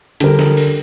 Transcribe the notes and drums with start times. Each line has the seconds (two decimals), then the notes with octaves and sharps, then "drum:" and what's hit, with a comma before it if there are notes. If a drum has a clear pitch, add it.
0.20 D3 G3 A#4, drum: hi-hat
0.39 drum: snare
0.57 drum: open hi-hat